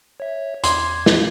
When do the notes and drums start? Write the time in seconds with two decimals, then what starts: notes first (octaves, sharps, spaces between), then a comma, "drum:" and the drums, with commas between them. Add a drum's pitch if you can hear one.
0.20 C#5 E5
0.64 E2 C6 D6 G#6, drum: hi-hat
1.06 drum: snare